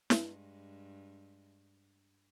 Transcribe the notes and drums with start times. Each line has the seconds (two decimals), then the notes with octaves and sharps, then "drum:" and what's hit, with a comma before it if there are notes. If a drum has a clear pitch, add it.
0.10 G2 G#3, drum: snare